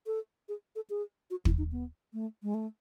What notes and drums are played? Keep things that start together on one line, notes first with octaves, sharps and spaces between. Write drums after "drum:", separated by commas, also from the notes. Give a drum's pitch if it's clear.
A4
G#4
A4
G#4
F#4
E4, drum: kick
D#4
B3
A3
G#3
A3